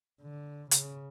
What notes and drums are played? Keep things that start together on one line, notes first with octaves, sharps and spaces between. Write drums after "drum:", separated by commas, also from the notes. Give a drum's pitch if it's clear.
D3
C#3, drum: hi-hat